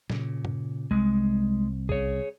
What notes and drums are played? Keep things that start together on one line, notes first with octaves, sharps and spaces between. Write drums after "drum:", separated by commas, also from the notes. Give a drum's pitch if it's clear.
A#2 C#3, drum: snare F#3
drum: tom G2
C2 G#3
G#4 C#5, drum: kick B1